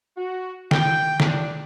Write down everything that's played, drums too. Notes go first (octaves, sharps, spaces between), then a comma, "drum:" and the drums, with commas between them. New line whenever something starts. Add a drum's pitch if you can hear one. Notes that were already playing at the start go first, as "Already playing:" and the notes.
F#4
G5, drum: snare D#3
D4, drum: snare D#3